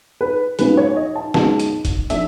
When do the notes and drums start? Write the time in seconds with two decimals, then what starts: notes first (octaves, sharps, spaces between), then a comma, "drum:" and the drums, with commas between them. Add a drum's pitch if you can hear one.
0.21 B4
0.59 B1 B2 G#3 C#4 F4 B4, drum: hi-hat
0.77 C#5
0.97 D#5
1.15 A5
1.34 B1 B2 G#3 C#4 F4 A5, drum: snare
1.59 drum: hi-hat
1.85 drum: kick, hi-hat
2.10 F3 A3 D4 E5, drum: hi-hat